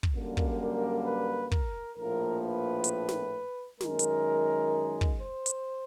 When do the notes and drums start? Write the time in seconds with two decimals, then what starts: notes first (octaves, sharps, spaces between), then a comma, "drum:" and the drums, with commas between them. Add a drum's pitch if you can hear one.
0.03 drum: kick
0.14 F#2 D3 G3 A#3
0.37 drum: kick
0.60 A#4
1.06 B4
1.51 A#4, drum: kick
1.97 A#1 A2 F3 A#3 A#4
2.44 B4
2.84 drum: hi-hat
3.08 drum: snare
3.81 F#2 D#3 G#3 A#4, drum: snare
3.99 drum: hi-hat
5.01 drum: kick
5.19 C5
5.46 drum: hi-hat